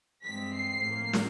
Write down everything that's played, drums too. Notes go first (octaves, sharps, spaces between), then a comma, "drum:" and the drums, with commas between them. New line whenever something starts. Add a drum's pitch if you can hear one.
G2 E3 G#3 C4 B6
C7
A2 F3 A#3
drum: snare